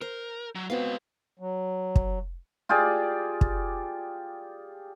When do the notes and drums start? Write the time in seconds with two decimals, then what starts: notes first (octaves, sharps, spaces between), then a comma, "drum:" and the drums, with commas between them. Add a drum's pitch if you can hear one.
0.01 A#4 C5
0.55 F#3
0.70 G#3 B3 C4 F#4 F5
1.39 F#3
1.96 drum: kick
2.69 F4 G4 G#4 D5
3.41 drum: kick